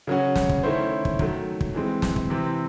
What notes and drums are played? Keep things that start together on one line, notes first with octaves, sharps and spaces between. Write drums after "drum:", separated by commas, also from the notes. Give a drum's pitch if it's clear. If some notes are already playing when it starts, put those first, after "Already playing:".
C#3 F#3 C#4 F#4
drum: snare
drum: kick
D#3 A3 C#4 E4 C5
drum: kick
D#3 F#3 A3, drum: kick
drum: kick
E3 G#3 C4
drum: snare
drum: kick
C3 E3 C4